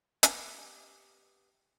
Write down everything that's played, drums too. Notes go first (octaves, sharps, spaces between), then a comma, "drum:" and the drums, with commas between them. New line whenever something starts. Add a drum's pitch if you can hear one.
B3 G4, drum: hi-hat